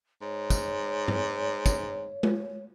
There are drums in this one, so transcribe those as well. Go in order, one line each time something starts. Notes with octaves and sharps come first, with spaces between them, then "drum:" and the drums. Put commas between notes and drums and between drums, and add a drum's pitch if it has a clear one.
G#2 C#5
drum: kick, tambourine
drum: tom G2
drum: kick, tambourine
drum: tom G#3